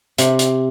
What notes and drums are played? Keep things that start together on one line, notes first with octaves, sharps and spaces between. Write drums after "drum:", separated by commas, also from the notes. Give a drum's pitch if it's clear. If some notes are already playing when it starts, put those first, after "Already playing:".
C3, drum: hi-hat
drum: hi-hat